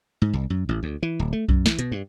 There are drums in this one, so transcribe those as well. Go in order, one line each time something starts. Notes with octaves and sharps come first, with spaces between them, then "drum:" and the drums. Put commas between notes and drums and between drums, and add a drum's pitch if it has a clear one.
G#2
C2
F#2
A1
D2
E3
D1
A3
F#2, drum: kick B1
E3, drum: snare
B2, drum: hi-hat
G2